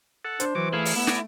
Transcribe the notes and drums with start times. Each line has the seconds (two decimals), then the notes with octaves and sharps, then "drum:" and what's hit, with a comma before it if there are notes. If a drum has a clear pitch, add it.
0.25 A4 F#5
0.40 D4 C5, drum: hi-hat
0.55 E3 F#3 D6
0.73 A3 E4 G#4 F5
0.85 drum: open hi-hat
0.95 B3
1.07 D5 G#5 A#5, drum: snare